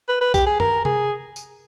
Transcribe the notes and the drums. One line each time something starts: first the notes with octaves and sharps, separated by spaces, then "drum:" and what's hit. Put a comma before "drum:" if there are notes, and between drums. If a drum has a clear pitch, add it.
B4
B4
G4, drum: kick A#1, tambourine
G#4
A#4, drum: tom F#2
G#4, drum: tom C3
drum: tambourine